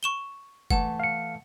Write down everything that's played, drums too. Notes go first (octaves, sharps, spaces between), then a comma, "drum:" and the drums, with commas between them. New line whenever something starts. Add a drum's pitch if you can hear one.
C#6 E7 G7
E3 A3 F#5 A5, drum: kick F#1
F5 C#7